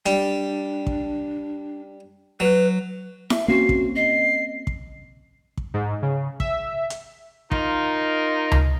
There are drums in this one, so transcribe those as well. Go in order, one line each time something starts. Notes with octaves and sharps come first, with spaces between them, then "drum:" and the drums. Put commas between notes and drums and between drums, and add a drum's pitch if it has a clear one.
G3 D4, drum: hi-hat
drum: kick
F#3 B4
E5, drum: snare E4
A#3 C4 C#4 F#4 C7
drum: kick
D#5 C7
drum: kick
drum: kick
G#2
C#3
E5, drum: kick
drum: hi-hat
D#4 F4 A#4, drum: kick
drum: tom C#2